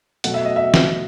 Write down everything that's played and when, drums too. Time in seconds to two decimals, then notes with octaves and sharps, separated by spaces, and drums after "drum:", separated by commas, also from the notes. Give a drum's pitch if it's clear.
0.24 B2 F#3 A3 F#5, drum: hi-hat
0.34 E5
0.45 D#5
0.56 E5
0.74 drum: snare